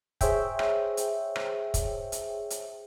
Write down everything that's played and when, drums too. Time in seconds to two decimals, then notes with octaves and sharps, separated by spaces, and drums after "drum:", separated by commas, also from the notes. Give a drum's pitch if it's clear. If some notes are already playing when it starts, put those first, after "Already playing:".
0.21 G#4 C5 C#5 E5 G5, drum: kick, hi-hat
0.59 drum: rim click
0.97 drum: hi-hat
1.36 drum: rim click
1.74 drum: kick, hi-hat
2.12 drum: hi-hat
2.50 drum: hi-hat